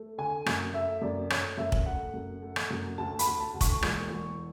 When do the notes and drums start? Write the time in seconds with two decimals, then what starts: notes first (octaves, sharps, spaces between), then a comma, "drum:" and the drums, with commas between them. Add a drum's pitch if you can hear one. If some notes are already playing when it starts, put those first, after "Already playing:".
Already playing: A3
0.18 D3 G#5
0.46 F#2, drum: rim click
0.74 A3 E5
1.02 F#2 D5
1.30 A3 C#5, drum: rim click
1.58 F#2 E5
1.72 drum: kick
1.86 A3 F#5
2.14 F#2
2.42 A3
2.56 drum: rim click
2.71 F#2
2.98 D2 A5
3.19 B5, drum: hi-hat
3.26 D2
3.40 A5
3.54 D2
3.61 C#6, drum: kick, hi-hat
3.82 E1, drum: rim click
4.10 E1